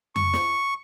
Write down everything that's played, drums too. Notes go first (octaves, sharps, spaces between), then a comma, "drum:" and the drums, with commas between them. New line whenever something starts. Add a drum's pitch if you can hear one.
C#6, drum: tom F2
drum: snare